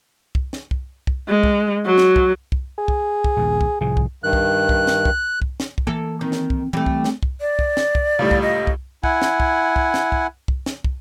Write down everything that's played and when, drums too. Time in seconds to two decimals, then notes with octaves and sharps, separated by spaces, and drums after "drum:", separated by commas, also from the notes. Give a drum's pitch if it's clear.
0.35 drum: kick
0.53 drum: snare
0.71 drum: kick
1.07 drum: kick
1.29 G#3
1.43 drum: kick
1.86 F#3
1.98 drum: snare
2.16 drum: kick
2.52 drum: kick
2.78 G#4
2.88 drum: kick
3.24 drum: kick
3.37 A#1 D#2
3.61 drum: kick
3.81 C2 A2 F3 G#4
3.97 drum: kick
4.24 G2 D#3 F#6
4.33 drum: kick
4.69 drum: kick
4.87 drum: snare
5.05 drum: kick
5.42 drum: kick
5.60 drum: snare
5.78 drum: kick
5.87 E3 A#3 A4
6.21 D#3 C4
6.32 drum: snare
6.50 drum: kick
6.73 E3 G3 A3 C4
6.86 drum: kick
7.04 drum: snare
7.23 drum: kick
7.41 D5
7.59 drum: kick
7.77 drum: snare
7.95 drum: kick
8.19 C#2 A2 G3
8.31 drum: kick
8.42 D#5
8.67 drum: kick
9.04 E4 F#5 G#5, drum: kick
9.22 drum: snare
9.40 drum: kick
9.76 drum: kick
9.94 drum: snare
10.12 drum: kick
10.48 drum: kick
10.66 drum: snare
10.84 drum: kick